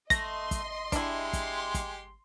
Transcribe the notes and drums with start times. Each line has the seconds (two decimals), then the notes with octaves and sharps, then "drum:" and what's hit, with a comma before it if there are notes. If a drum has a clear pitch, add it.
0.10 A3 D#5 C6 A#6, drum: kick, hi-hat
0.51 drum: kick, hi-hat
0.92 G#3 D4 E4 G4, drum: kick, hi-hat
1.24 C6
1.33 drum: kick, hi-hat
1.74 drum: kick, hi-hat